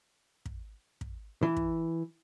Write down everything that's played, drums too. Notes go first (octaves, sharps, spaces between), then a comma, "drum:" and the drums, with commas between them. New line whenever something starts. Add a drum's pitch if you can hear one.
drum: kick
drum: kick
E3
drum: kick